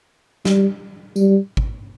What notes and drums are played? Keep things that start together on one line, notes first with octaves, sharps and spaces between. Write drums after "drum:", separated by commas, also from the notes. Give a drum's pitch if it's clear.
G3, drum: snare
G3, drum: tambourine
drum: kick G#1